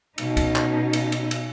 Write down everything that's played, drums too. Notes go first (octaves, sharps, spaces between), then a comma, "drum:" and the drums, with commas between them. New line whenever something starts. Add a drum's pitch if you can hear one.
B2 C#4 D#4, drum: cymbal
drum: kick, cymbal
drum: clap
drum: cymbal
drum: cymbal
drum: cymbal